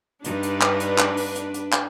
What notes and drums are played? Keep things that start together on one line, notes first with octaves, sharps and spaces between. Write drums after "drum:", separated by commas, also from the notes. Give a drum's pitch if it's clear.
G2 D4 D#4 B4, drum: hi-hat
drum: hi-hat
drum: clap
drum: hi-hat
drum: clap
drum: open hi-hat
drum: hi-hat
drum: hi-hat
drum: clap